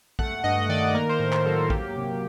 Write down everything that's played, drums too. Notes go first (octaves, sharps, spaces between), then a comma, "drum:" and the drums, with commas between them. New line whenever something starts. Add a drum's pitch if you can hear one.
A3 F#5, drum: kick
G2 D#5
D#3 D5
A#3 A#4
C5
A2 A#4
drum: clap
F#3 A4
A#3 G4, drum: kick
C3